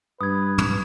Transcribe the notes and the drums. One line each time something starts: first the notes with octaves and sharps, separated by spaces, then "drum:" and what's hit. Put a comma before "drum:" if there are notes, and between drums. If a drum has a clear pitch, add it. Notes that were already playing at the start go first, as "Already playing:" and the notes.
G2 B4 D#6 G#6
drum: tom